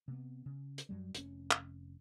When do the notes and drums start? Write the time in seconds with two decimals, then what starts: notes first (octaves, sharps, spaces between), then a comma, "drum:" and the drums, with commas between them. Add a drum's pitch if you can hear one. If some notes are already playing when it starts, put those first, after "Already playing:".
0.08 C3 B3
0.46 C#3
0.78 drum: hi-hat
0.89 F#2 F#3 G3
1.15 F1 C#4, drum: hi-hat
1.51 drum: clap